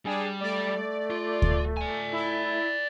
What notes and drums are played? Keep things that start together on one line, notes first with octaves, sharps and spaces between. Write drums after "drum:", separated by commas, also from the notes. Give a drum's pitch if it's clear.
G3 D4 G#4 G5
A3 D5
F4
drum: kick D2
D5 G#5
E4